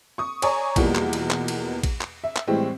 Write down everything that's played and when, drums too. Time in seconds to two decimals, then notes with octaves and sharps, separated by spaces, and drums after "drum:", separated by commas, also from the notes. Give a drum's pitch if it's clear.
0.18 C#6 D#6
0.42 C#5 D5 G#5 A#5 C#6 D#6, drum: cymbal
0.76 E2 B2 E3 F3 G3 A#3, drum: kick A1, cymbal
0.95 drum: clap
1.13 drum: cymbal
1.31 drum: clap
1.48 drum: cymbal
1.83 drum: kick A1, cymbal
2.01 drum: clap
2.24 E5
2.36 drum: clap
2.48 A2 E3 G3 G#3 C4